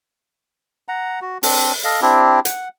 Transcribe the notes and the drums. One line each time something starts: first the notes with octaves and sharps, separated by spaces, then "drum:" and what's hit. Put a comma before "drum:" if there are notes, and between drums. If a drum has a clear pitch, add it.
F#5 A#5
F#4
C4 D4, drum: open hi-hat
A4 D#5 F5
C4 D4 E4 G4
F#5, drum: hi-hat